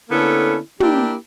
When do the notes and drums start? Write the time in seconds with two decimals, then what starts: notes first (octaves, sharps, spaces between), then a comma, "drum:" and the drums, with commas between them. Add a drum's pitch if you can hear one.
0.10 D3 A#3 B3 C#4 E4 A4
0.80 A#3 D4 E4 G4, drum: tom